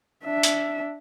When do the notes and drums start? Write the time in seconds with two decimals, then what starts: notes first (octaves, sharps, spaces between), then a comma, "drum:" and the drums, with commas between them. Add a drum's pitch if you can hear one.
0.25 D4 E5
0.43 drum: hi-hat